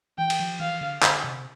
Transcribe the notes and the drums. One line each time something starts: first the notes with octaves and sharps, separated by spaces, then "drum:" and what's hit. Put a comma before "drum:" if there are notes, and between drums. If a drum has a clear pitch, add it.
E3 G5
drum: cymbal
F3
E3 F5
D3
D3, drum: clap
C3